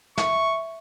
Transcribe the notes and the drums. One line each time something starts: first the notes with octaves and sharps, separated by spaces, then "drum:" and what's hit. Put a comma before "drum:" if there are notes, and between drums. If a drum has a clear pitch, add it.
E5 C#6, drum: snare